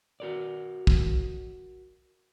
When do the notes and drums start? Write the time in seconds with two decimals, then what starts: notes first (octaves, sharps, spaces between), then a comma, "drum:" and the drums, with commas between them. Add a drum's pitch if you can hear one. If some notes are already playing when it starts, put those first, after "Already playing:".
0.20 F#4 A#4 D5
0.87 drum: kick